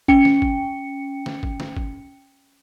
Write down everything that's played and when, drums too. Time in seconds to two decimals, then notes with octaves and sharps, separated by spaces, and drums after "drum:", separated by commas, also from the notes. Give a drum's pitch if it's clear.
0.08 C#4 G5 C#7, drum: kick
0.25 drum: snare
0.42 drum: kick
1.26 drum: snare
1.43 drum: kick
1.60 drum: snare
1.77 drum: kick